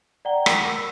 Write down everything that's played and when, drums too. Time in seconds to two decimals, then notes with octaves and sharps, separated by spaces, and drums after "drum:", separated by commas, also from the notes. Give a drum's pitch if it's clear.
0.25 D5 F#5 G5 A#5 G7
0.46 A#4 F#5 A#6, drum: rim click
0.69 E6